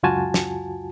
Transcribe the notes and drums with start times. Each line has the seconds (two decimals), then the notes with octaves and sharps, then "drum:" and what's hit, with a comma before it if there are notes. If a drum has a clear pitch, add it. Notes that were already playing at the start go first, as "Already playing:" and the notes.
0.03 C#2 F#2 F4 F#4 G#5 A5
0.34 drum: snare